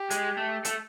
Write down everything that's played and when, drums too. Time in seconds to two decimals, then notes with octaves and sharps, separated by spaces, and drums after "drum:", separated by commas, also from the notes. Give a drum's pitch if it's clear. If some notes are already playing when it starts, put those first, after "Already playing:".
Already playing: G4
0.10 G#3, drum: hi-hat
0.37 A3
0.65 A3, drum: hi-hat